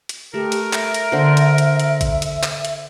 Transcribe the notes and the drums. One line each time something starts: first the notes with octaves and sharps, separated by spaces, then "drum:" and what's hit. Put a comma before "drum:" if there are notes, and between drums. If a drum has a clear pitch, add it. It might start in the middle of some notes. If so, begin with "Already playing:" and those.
drum: hi-hat
A3 G4 A#4
drum: hi-hat
E5, drum: clap
drum: hi-hat
D3 C5
drum: hi-hat
drum: hi-hat
drum: hi-hat
drum: kick G#1, hi-hat
drum: hi-hat
drum: clap
drum: hi-hat